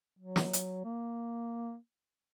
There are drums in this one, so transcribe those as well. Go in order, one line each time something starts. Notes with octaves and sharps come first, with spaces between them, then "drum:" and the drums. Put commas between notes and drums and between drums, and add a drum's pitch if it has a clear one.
F#3
drum: snare
drum: hi-hat
A#3